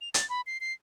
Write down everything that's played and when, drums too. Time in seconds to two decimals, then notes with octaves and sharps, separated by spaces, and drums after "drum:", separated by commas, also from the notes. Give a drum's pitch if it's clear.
0.01 F7
0.14 A6, drum: hi-hat
0.30 B5
0.46 C7
0.60 C7